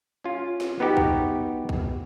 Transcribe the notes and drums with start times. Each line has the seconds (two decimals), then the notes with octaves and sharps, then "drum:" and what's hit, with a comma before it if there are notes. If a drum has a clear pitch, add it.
0.24 C#4 F4
0.61 drum: snare
0.80 B3 D#4 F#4 G4
0.97 drum: kick
1.69 drum: kick